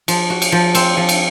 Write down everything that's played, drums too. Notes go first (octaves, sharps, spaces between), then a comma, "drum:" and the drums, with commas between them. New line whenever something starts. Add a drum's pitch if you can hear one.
F3, drum: cymbal
F#4
drum: cymbal
F3
C4, drum: cymbal
F3
drum: cymbal